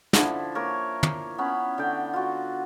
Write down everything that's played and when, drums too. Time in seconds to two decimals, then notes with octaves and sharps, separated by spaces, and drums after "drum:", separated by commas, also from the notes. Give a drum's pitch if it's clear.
0.13 D3 F3 E4, drum: snare
0.55 A#3 A#4 C#5
1.03 drum: tom
1.38 B3 C#4 B5
1.78 D3 G5
2.13 F4 F#4